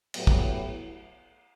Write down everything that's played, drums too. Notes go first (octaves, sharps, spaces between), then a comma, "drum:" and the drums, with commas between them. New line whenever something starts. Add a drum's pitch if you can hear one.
A2 F#3 B3 E4 G4, drum: cymbal
drum: kick